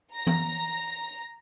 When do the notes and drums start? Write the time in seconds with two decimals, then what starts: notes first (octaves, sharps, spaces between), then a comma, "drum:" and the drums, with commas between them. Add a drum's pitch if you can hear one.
0.14 A#5 A#6
0.27 drum: tom E3